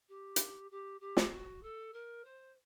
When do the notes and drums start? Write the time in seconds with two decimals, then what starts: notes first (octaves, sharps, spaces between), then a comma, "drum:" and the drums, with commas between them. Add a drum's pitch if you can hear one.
0.08 G4
0.36 drum: hi-hat
0.71 G4
1.00 G4
1.17 drum: snare
1.31 F#4
1.62 A4
1.93 A#4
2.24 C5